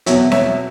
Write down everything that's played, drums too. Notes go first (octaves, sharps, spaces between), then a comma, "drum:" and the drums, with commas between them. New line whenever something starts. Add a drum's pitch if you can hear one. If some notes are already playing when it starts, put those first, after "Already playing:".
E2 B2 F#3 C#5 E5, drum: hi-hat
C#5 E5, drum: snare C4